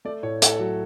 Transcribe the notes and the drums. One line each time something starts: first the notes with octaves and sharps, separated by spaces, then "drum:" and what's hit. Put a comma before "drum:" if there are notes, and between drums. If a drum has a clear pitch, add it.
A3 D5
A2 C#5
A3 A4, drum: hi-hat
F#3 F#4